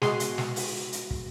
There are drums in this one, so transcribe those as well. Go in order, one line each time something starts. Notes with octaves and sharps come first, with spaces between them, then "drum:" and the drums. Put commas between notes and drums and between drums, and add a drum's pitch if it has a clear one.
B2 G#3 F#4 G#4 C6, drum: snare
drum: hi-hat
drum: snare
drum: open hi-hat
drum: hi-hat
drum: kick